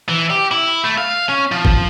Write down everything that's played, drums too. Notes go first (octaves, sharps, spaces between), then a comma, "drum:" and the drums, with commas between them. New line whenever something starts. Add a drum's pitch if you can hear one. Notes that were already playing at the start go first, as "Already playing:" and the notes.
E3
G4
E4
A3
F5
C#4
F3
drum: kick G1